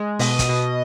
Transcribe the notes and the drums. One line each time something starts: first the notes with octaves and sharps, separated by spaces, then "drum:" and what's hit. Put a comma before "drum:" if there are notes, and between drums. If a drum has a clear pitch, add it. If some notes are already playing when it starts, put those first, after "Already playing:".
Already playing: G#3
B2 D#5, drum: open hi-hat
drum: kick, hi-hat
B2